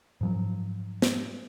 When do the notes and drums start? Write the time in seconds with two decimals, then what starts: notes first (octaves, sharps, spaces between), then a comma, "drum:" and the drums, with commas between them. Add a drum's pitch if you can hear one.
0.21 G#2 F3 F#3
1.02 drum: snare